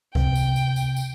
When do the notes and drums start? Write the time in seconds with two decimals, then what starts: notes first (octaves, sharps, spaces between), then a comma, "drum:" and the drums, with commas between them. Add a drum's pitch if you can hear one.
0.15 C3 G5, drum: kick
0.35 drum: tambourine
0.56 drum: tambourine
0.76 drum: tambourine
0.96 drum: tambourine